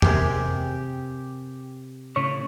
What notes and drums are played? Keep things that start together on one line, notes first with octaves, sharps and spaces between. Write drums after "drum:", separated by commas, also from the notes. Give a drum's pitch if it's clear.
C3 G4 G#4 A#4, drum: tom F2
A2 C#3 C#5